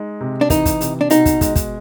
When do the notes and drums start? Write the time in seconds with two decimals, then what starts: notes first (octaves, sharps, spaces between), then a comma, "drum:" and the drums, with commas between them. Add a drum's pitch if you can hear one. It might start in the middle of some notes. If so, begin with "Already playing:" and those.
Already playing: G#3 D#4
0.21 C3
0.41 D4
0.50 E3 D#4, drum: kick, hi-hat
0.65 drum: kick, hi-hat
0.81 C3, drum: hi-hat
1.01 D4
1.10 B2 D#4, drum: hi-hat
1.25 drum: kick, hi-hat
1.41 G#3, drum: kick, hi-hat
1.56 drum: kick, hi-hat